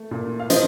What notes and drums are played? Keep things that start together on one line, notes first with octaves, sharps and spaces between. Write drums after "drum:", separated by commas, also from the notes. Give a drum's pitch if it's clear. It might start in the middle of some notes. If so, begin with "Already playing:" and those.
Already playing: A3
A#2
F5
F3 C5 D#5, drum: hi-hat